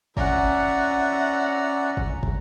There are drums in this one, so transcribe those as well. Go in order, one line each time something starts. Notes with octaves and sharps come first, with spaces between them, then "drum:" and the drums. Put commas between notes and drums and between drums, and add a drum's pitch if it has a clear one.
C#4 D5 E5 F#5 A#5, drum: kick
drum: kick
drum: kick